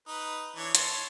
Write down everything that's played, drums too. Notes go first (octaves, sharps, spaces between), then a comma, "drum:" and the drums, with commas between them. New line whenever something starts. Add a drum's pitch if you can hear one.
D#4 B4
E3 D4 C#5
C#5 A5 C6, drum: hi-hat